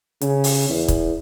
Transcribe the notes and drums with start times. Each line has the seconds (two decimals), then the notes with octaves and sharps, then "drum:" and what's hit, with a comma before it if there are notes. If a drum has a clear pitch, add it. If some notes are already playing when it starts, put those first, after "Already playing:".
0.21 C#3, drum: hi-hat
0.44 drum: open hi-hat
0.69 E2
0.88 drum: kick, hi-hat